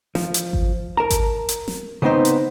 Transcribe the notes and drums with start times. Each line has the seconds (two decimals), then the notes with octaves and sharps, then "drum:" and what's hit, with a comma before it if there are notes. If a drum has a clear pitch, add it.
0.15 F3, drum: snare
0.34 drum: hi-hat
0.53 drum: kick G#1
0.97 A#4 A5 A#5
1.10 drum: kick G#1, hi-hat
1.49 drum: hi-hat
1.68 drum: snare
2.02 C#3 B3 C4 D#4 C5
2.25 drum: hi-hat